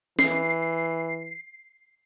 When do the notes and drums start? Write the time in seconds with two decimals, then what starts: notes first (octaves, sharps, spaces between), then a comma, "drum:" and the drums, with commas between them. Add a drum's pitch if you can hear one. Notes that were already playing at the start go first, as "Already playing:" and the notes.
0.19 E3 C7, drum: snare